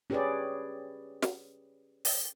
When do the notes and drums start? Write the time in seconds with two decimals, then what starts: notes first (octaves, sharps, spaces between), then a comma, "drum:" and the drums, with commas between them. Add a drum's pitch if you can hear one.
0.10 C#4 G4 G#4 B4 C#5 D5
1.22 drum: snare
2.05 drum: open hi-hat